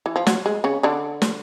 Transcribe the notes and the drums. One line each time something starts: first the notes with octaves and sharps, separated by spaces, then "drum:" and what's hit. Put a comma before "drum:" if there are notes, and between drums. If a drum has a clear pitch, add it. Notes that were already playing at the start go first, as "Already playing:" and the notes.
E3
F3
F#3, drum: snare
G#3
C#3 C#4
D3 D4
drum: snare